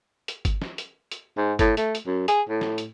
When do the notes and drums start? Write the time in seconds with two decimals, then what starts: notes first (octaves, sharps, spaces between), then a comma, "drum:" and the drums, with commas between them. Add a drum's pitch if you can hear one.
0.28 drum: hi-hat
0.45 drum: kick G1, hi-hat
0.62 drum: snare
0.78 drum: hi-hat
1.12 drum: hi-hat
1.37 G#2
1.59 A2, drum: kick G1, hi-hat
1.77 A3, drum: hi-hat
1.95 drum: hi-hat
2.06 F#2
2.28 G#4, drum: hi-hat
2.49 A2
2.61 drum: snare
2.78 drum: hi-hat